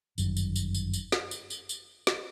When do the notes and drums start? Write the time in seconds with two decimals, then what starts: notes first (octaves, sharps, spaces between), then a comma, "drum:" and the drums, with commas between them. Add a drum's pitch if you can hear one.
0.18 G1 F#2 D#3 G3, drum: tambourine
0.37 drum: tambourine
0.56 drum: tambourine
0.75 drum: tambourine
0.93 drum: tambourine
1.12 drum: snare
1.31 drum: tambourine
1.50 drum: tambourine
1.69 drum: tambourine
2.07 drum: snare